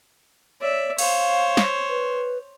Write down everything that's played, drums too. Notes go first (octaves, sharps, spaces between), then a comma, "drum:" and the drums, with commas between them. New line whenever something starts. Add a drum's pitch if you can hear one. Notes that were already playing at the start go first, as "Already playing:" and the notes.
C#5 D5 E5
C5 C#5 F5, drum: cymbal
drum: snare
B4